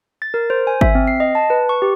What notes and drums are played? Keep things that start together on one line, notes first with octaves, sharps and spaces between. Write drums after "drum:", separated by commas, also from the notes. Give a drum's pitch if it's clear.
A6
A#4
C5
G#5
E5, drum: kick G#1
C4
C7
D#5
A5
B4
C#6
G4